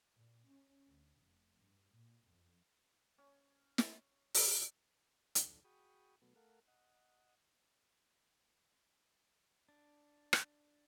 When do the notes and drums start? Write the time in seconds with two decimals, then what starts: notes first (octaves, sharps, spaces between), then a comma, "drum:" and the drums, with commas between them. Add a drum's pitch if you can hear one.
0.16 A#2
0.50 C#4
0.88 D2
1.21 F1
1.60 G2
1.95 A#2
2.28 F2
3.18 C#4
3.78 drum: snare
4.34 drum: open hi-hat
5.35 D2 F3 D4 A4, drum: hi-hat
5.65 F#4 G#4 G5 B5 C#6 D#6
6.22 B2 F#3 A3 B3
6.36 A3 A4 A#4 F5 F#5
6.68 D#5 F#5
9.69 D4
10.33 drum: rim click